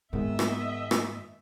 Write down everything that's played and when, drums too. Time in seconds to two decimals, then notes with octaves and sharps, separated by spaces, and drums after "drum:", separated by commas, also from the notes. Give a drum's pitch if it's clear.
0.13 G#2 D#3 G#3 B3 D#5 E5
0.39 drum: rim click
0.91 drum: rim click